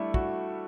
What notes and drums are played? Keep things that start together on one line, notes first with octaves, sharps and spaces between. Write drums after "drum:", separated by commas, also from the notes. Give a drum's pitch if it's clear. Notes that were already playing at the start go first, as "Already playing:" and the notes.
Already playing: G3 A3 D4 E4
F#4, drum: kick